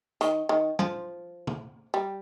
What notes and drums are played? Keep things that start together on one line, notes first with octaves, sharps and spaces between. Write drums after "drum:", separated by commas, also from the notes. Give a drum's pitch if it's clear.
D#3, drum: hi-hat
D#3
F3, drum: tom F#3
drum: tom
G3